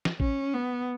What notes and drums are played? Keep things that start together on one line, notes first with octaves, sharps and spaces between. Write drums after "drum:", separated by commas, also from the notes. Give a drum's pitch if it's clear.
drum: snare
C#4, drum: kick A1
B3